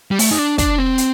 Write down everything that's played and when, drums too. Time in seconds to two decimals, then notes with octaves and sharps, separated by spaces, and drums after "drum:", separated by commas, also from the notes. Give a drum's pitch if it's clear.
0.11 G3
0.19 A3, drum: open hi-hat
0.31 D#4
0.39 D4
0.58 D4, drum: kick, hi-hat
0.78 C4
0.98 drum: hi-hat